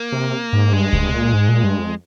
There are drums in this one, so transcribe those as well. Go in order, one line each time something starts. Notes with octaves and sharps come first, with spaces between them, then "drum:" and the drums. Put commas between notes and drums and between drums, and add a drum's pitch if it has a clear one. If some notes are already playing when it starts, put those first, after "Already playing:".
Already playing: A#3
C3
G#2
G2 G#3
G2, drum: kick C#2
C3
A#2
G#2
A#2
G2
F2